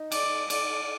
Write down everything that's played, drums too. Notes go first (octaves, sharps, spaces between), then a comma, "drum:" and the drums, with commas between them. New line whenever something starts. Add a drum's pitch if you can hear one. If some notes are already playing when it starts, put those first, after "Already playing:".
Already playing: D#4
D5, drum: cymbal
D5, drum: cymbal